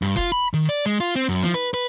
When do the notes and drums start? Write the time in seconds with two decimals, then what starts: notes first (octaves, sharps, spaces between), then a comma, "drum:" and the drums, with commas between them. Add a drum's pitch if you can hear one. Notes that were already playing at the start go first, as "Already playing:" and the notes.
0.02 G2
0.16 F4, drum: kick F1
0.32 B5
0.54 D#3
0.69 D5
0.86 G#3
1.00 F4
1.16 C4
1.29 F#2
1.43 F3, drum: snare
1.54 B4
1.74 B4